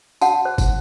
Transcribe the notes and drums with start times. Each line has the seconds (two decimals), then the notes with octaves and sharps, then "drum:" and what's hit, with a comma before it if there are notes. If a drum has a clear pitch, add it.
0.21 F#4 F#5 A5, drum: tambourine
0.45 C5
0.58 drum: kick, tambourine